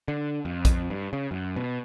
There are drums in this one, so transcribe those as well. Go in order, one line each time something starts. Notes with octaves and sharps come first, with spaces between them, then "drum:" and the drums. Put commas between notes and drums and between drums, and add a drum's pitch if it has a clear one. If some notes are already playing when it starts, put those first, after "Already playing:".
D3
F2
drum: kick A#1, hi-hat
G2
C#3
F#2
B2